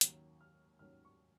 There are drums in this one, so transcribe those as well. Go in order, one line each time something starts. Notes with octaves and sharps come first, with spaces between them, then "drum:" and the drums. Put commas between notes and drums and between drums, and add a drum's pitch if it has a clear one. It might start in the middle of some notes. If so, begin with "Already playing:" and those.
D#2 D#3 F#3 C#4, drum: hi-hat
F6
D#2 D#3 F#3 C#4 F6
C#6